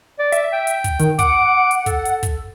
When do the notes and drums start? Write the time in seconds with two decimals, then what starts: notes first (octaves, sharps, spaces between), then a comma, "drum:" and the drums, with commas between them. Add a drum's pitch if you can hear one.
0.19 D5
0.32 E5, drum: hi-hat
0.53 G5
0.67 drum: hi-hat
0.84 drum: kick, hi-hat
0.99 D#3, drum: hi-hat
1.19 F#5 D6, drum: kick, hi-hat
1.71 drum: hi-hat
1.86 A4, drum: kick, hi-hat
2.05 drum: hi-hat
2.23 drum: kick, hi-hat